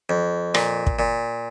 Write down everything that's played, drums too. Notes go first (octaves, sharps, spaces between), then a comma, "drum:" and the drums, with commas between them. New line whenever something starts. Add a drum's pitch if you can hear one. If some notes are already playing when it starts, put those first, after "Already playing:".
F2
A#2, drum: rim click
drum: kick
A#2